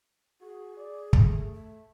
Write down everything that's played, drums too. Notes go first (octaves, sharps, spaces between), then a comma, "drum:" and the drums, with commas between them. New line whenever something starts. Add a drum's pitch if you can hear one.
F#4 G#4
D5
A3, drum: kick
E5